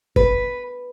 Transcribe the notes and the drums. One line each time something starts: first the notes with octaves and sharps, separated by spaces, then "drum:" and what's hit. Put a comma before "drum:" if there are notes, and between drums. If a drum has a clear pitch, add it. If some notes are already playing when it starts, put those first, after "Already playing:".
B4, drum: kick